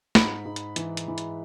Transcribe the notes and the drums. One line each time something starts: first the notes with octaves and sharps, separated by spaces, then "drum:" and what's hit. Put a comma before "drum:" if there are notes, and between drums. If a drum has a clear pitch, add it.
G#2 B5, drum: snare
G#2
drum: hi-hat
E3, drum: hi-hat
drum: hi-hat
E3
drum: hi-hat